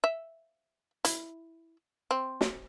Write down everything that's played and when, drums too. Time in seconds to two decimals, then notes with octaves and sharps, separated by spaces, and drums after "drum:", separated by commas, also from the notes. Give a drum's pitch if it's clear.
0.04 E5
1.05 E4, drum: hi-hat
2.11 C4
2.41 drum: snare